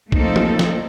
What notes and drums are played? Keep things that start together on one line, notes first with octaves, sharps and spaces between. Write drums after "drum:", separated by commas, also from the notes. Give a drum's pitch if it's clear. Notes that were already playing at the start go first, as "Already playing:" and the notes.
F3 A3 A#3 C4 D#4 A4, drum: kick B1
drum: tom
drum: snare